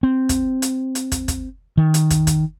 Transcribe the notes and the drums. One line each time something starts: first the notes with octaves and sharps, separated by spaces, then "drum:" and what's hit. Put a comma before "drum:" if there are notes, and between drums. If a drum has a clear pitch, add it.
C4
drum: kick, hi-hat
drum: hi-hat
drum: hi-hat
drum: kick, hi-hat
drum: kick, hi-hat
D#3
drum: hi-hat
drum: kick, hi-hat
drum: kick, hi-hat